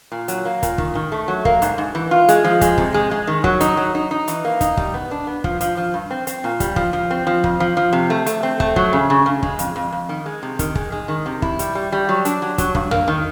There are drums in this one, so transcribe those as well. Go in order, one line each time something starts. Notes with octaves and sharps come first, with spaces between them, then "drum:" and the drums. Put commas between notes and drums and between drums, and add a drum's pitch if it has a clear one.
A#2
F#3, drum: hi-hat
A#3
A#2, drum: kick, hi-hat
D#3, drum: kick
D#3
A3
F#3
A#3, drum: kick
G#2, drum: hi-hat
G#2
E3
F4
G#3, drum: hi-hat
F3
G#3, drum: kick, hi-hat
C3, drum: kick
G#3
G#3
D#3
F#3, drum: kick
D#4, drum: hi-hat
F#3
D#4
D#4
E3, drum: hi-hat
A#3
D#4, drum: kick, hi-hat
G3, drum: kick
B3
D4
B3
F3, drum: kick
F3, drum: hi-hat
F3
G2
C4
C4, drum: hi-hat
A#2
G3, drum: kick, hi-hat
F3, drum: kick
F3
C4
F3
F2, drum: kick
F3
F3
C3
A3
A3, drum: hi-hat
C4
A3, drum: kick
F#3, drum: kick
C#3
C#3
C#3
G#3, drum: kick
F2, drum: hi-hat
F2
F2
D#3
G#3
C3
D#3, drum: kick, hi-hat
G#3, drum: kick
G#3
D#3
C3
E4, drum: kick
G3, drum: hi-hat
G3
G3
F#3
D4, drum: hi-hat
F#3
F#3, drum: kick, hi-hat
G2, drum: kick
A#3, drum: tom
D#3